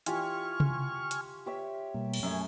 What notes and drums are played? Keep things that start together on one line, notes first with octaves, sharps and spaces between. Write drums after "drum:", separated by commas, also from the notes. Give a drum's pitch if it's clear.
E3 F4 G4 G#5 C#6 F6, drum: hi-hat
drum: tom C3
drum: hi-hat
G4 C#5 E5
B2 G3 A#3
drum: cymbal
F#2 A3 G#5